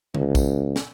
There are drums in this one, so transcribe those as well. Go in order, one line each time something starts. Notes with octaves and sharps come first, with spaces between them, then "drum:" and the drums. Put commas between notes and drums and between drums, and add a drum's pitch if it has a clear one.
C#2, drum: tom D3
drum: kick A#1, tambourine
drum: snare